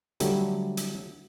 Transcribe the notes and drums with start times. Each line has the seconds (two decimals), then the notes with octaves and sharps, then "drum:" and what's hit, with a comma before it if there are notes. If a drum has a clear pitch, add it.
0.20 D3 F#3 G3 A3, drum: hi-hat
0.77 drum: hi-hat